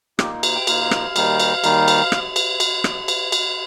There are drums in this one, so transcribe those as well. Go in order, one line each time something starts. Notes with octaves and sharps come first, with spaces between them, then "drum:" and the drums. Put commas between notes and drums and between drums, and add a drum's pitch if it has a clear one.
A#2 A#3 D#4 G4, drum: rim click
drum: cymbal
G5
A#2 A#3 D#4 F5, drum: cymbal
drum: rim click
D#2 D#3 G3 D#4, drum: cymbal
drum: cymbal
D#2 D#3 G3 D#4, drum: cymbal
drum: cymbal
drum: rim click
drum: cymbal
drum: cymbal
drum: rim click
drum: cymbal
drum: cymbal